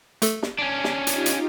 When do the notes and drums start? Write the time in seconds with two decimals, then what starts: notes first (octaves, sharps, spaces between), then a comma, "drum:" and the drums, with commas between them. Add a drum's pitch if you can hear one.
0.22 A3 A4, drum: hi-hat
0.43 drum: snare
0.59 C#4 D4
0.84 drum: snare
1.07 D#4 F4 G4, drum: hi-hat
1.26 drum: hi-hat